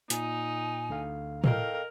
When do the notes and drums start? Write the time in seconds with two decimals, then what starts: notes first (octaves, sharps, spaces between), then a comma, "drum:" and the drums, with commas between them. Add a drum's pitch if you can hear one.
0.10 A#2 D#4 G#5, drum: hi-hat
0.89 D2 D3 F5
1.44 A4 A#4 D#5 F5 G5, drum: tom A2